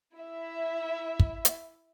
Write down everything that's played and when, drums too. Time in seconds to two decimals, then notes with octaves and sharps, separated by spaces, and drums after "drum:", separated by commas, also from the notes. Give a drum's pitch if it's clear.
0.15 E4 E5
1.20 drum: kick
1.45 drum: hi-hat